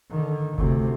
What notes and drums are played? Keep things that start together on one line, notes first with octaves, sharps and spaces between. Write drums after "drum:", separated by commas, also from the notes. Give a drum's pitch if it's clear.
D3 D#3
D2 C3, drum: kick F#1